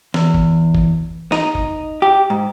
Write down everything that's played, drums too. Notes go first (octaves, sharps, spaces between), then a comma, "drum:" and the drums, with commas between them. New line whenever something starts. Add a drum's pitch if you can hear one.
E2, drum: snare
drum: kick G1
drum: kick G1
D#4, drum: snare
drum: kick G1
G4
G#2